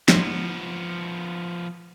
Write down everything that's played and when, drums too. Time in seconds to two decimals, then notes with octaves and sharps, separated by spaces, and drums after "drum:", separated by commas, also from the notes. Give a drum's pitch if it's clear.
0.08 F3 B3, drum: snare